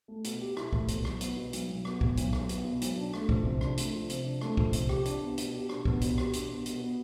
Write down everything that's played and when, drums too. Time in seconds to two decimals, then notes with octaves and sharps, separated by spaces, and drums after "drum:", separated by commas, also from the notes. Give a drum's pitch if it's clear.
0.08 A3
0.24 B2, drum: hi-hat
0.41 G4
0.57 E4, drum: rim click
0.73 A3, drum: kick
0.88 B2, drum: hi-hat
1.05 B1, drum: rim click
1.21 B3, drum: hi-hat
1.37 B2
1.53 B1, drum: hi-hat
1.69 B1
1.85 B3, drum: rim click
2.01 B2, drum: kick
2.17 B1, drum: hi-hat
2.33 B1, drum: rim click
2.49 B3, drum: hi-hat
2.64 B2
2.82 B1, drum: hi-hat
2.97 D4
3.13 A3, drum: rim click
3.29 F3, drum: kick
3.45 C3
3.61 D4, drum: rim click
3.78 A3, drum: hi-hat
3.93 F3
4.10 C3, drum: hi-hat
4.25 D4
4.41 A3, drum: rim click
4.57 F3, drum: kick
4.73 C3, drum: hi-hat
4.89 G4, drum: rim click
5.06 D4, drum: hi-hat
5.21 B3
5.38 B2, drum: hi-hat
5.54 G4
5.69 D4, drum: rim click
5.85 B3, drum: kick
6.01 B2, drum: hi-hat
6.18 G4, drum: rim click
6.33 D4, drum: hi-hat
6.50 B3
6.66 B2, drum: hi-hat
6.81 B3